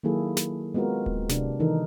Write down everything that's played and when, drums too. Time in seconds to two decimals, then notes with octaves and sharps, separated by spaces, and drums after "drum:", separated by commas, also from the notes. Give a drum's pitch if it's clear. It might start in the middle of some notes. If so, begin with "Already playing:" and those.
0.03 D#3 F#3 A#3 E4 G#4 A4
0.37 drum: snare
0.74 G#3 B3 C4 F4 F#4 A#4
1.06 drum: kick D1
1.29 C3 D4, drum: snare
1.60 D#3 E3 D#4 A4 A#4